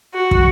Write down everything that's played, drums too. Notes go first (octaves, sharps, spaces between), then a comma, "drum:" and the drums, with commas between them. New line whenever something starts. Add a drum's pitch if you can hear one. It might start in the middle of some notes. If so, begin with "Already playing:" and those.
F#4
drum: kick